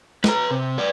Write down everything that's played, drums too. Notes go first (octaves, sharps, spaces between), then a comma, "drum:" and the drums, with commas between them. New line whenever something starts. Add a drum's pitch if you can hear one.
B4 A#5, drum: snare
C3
B4 D5